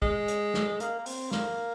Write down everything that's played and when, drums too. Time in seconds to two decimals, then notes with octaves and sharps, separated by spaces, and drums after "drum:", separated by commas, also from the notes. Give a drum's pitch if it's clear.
0.02 G#3, drum: kick
0.28 drum: hi-hat
0.54 drum: snare
0.80 A#3, drum: hi-hat
0.99 A#3
1.06 C4, drum: open hi-hat
1.31 A#3, drum: snare